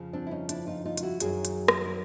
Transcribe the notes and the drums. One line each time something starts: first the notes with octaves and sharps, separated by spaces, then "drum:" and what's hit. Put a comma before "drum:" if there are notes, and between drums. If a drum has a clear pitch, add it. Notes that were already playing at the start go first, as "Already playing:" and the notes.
Already playing: F2 C#3 F3
C4 D4
E4
C#4 D#4
D4 E4, drum: hi-hat
D#4 F4
D#4 F4
F4, drum: hi-hat
E4 F#4
F#2 D#3 F#3 F#4 G#4, drum: hi-hat
drum: hi-hat
drum: rim click
A#4